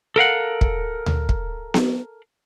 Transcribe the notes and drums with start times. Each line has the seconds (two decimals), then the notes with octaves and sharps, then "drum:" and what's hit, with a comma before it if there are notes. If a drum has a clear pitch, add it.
0.16 A4 A#4 F5 F#5
0.61 drum: kick
1.06 drum: tom D2
1.29 drum: kick
1.74 drum: snare B3